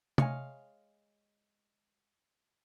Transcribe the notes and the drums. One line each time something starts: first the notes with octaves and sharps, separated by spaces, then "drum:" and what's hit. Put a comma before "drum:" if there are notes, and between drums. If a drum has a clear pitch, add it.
G#3 C#5 E5 F5 G#5, drum: tom